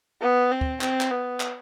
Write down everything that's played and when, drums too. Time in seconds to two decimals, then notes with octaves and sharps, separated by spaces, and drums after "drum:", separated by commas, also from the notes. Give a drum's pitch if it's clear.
0.22 B3
0.52 C4
0.61 drum: kick D2
0.81 C4, drum: clap
1.01 drum: clap
1.11 B3
1.40 drum: clap